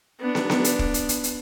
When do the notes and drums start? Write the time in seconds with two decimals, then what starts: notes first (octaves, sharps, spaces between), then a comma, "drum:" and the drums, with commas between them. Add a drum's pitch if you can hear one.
0.20 B3 D4
0.35 drum: snare
0.50 drum: snare
0.64 drum: hi-hat
0.79 drum: kick
0.94 drum: hi-hat
1.09 drum: hi-hat
1.24 drum: hi-hat